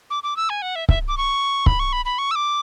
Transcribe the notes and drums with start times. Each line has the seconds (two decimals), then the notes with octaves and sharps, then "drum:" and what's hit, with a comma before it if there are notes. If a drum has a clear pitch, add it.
0.10 D6
0.23 D6
0.37 E6
0.50 G#5
0.62 F#5
0.76 E5
0.89 E5, drum: kick C#1
1.08 D6
1.18 C#6
1.66 B5, drum: kick C#1
1.80 C#6
1.93 B5
2.05 B5
2.18 C#6
2.31 E6
2.36 D6